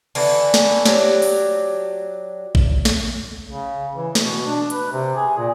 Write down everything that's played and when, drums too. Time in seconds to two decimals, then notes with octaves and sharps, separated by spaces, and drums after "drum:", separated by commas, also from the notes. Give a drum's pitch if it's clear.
0.15 D3 E3 A3, drum: cymbal
0.54 drum: snare
0.85 F#3 D4 G4, drum: snare
1.22 drum: open hi-hat
2.55 drum: kick A1
2.85 drum: snare
3.49 C#3
3.95 E3
4.15 B2, drum: snare
4.46 D4
4.70 B4, drum: hi-hat
4.92 C3
5.16 G#4
5.38 A#2